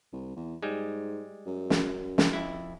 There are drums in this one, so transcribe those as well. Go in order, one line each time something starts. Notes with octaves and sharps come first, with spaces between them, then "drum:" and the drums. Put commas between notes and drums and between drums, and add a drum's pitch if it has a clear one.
C2
E2
G#2 G3 G#3
F#2
drum: snare
drum: snare
F2 E4